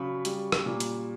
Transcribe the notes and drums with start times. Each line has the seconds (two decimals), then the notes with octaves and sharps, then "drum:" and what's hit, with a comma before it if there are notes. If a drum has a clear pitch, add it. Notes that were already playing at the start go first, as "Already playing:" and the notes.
Already playing: C#3 F#3 B5 C#6
0.25 G3, drum: hi-hat
0.52 drum: rim click
0.66 A#2
0.80 drum: hi-hat